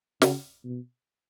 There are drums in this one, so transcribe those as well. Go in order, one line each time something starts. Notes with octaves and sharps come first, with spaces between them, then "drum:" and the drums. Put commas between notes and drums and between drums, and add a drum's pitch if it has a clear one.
C#3, drum: snare
B2